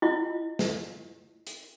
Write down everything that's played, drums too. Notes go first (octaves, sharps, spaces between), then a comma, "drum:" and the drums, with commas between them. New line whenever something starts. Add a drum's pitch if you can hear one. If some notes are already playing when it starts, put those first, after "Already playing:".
E4 F4 D#5
drum: snare
drum: hi-hat